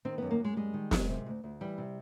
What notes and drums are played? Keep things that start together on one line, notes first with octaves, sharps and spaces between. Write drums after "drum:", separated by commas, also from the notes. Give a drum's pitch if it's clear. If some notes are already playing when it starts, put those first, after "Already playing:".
D#3 C4
B3
F#2
A#3
F#2 G#3
G3 G#3
D#3
F#2, drum: snare
C3
D2
D2
E3 G3
C3